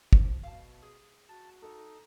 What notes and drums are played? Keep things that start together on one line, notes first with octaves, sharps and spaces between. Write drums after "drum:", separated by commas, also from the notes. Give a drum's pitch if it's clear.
F3, drum: kick
B2 F5 A5
G#4
F#4 A5
D#4 A4